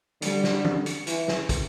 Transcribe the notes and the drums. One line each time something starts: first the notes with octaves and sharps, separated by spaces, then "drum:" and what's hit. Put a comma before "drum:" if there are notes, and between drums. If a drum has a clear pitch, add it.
D3 G3, drum: hi-hat
drum: snare
drum: tom E3
drum: hi-hat
E3, drum: hi-hat
drum: snare
drum: kick, hi-hat